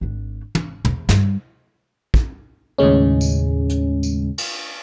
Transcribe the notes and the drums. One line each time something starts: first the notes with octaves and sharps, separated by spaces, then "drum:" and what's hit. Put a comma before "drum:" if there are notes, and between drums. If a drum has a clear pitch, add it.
G#1 D4
G#1, drum: tom
E2 C3, drum: tom
G2, drum: snare
drum: kick
D#2 A2 C#3 G#3 C#4
drum: tambourine
drum: hi-hat
drum: tambourine
drum: cymbal